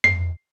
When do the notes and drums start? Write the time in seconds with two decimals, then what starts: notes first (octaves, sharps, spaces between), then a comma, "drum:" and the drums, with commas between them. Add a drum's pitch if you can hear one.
0.04 C7, drum: tom F2